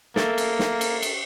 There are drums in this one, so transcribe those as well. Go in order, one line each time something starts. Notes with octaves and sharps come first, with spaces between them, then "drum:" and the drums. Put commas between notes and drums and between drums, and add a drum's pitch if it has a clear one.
A#3 A4 A#4 E5, drum: snare
drum: cymbal
drum: snare
drum: cymbal
drum: cymbal